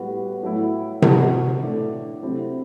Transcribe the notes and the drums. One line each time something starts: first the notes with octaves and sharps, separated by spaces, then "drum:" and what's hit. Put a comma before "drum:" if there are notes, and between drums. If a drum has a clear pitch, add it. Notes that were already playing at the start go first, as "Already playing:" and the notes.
Already playing: A2 G3 B3 F#4
A2 F#3 A3 E4
F#3 C4 F#4, drum: tom C3
A2 E3 A3 D4
C3 F#3 A3 C4 E4